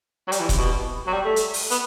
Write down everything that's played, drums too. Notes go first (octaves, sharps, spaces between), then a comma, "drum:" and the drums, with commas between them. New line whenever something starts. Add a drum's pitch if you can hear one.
F#3
G3, drum: hi-hat
E3
C3, drum: kick, hi-hat
B2
F#3
G3
A3
drum: hi-hat
drum: open hi-hat
B3, drum: hi-hat